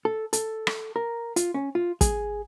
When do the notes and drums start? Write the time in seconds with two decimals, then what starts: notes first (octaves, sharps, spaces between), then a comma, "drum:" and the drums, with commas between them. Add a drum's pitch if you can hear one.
0.05 A4
0.33 A4, drum: hi-hat
0.67 drum: rim click
0.96 A#4
1.36 F4, drum: hi-hat
1.54 C#4
1.75 F4
2.01 G#4, drum: kick, hi-hat